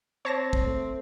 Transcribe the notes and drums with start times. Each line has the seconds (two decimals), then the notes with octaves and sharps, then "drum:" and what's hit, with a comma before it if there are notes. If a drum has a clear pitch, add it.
0.25 C4 C#5 A5 A#6
0.53 drum: kick
0.66 A3